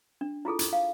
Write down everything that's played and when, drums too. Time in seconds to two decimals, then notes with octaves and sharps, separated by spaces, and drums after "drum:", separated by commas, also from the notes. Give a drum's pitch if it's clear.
0.21 D4
0.45 E4 F4 G#4 A4
0.59 drum: hi-hat
0.73 F5